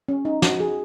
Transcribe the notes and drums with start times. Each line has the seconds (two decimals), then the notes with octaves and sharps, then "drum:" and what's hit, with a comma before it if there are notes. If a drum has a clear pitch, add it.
0.09 C#4
0.25 D#4
0.42 F#4, drum: snare
0.60 G#4